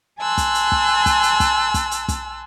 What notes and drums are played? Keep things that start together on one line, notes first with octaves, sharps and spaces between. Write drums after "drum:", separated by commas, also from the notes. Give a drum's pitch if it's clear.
G#5 A5 C6 E6 F#6
drum: kick, hi-hat
drum: hi-hat
drum: kick
drum: kick, hi-hat
drum: hi-hat
drum: kick, hi-hat
drum: kick, hi-hat
drum: hi-hat
drum: kick, hi-hat